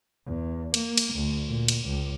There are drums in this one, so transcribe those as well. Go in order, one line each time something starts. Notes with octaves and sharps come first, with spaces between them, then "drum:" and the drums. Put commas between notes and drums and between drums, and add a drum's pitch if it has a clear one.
E2
A#3, drum: cymbal
drum: cymbal
D2
A#2
drum: cymbal
C#2